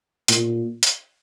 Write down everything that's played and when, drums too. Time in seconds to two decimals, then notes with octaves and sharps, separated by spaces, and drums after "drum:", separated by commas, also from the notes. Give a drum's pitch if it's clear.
0.28 A#2, drum: hi-hat
0.83 drum: hi-hat